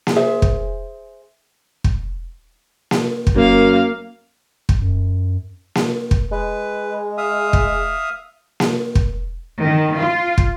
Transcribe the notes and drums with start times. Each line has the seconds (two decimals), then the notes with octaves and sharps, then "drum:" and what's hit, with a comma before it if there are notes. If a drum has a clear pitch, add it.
0.07 drum: snare A#3
0.16 G#4 C5 E5
0.42 drum: kick
1.84 drum: kick
2.91 drum: snare A#3
3.27 drum: kick
3.36 F#2 A#3 F5
4.69 drum: kick
4.82 F#2
5.75 drum: snare A#3
6.11 drum: kick
6.32 G#3 B4
7.18 E5 F5 D#6
7.53 drum: kick
8.60 drum: snare A#3
8.95 drum: kick
9.61 D#3
9.98 F4
10.38 drum: kick